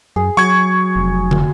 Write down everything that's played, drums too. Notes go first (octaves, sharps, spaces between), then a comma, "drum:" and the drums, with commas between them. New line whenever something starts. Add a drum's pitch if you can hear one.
F#2 G#4
F#3 F#4 C#6 G#6
F1
drum: tom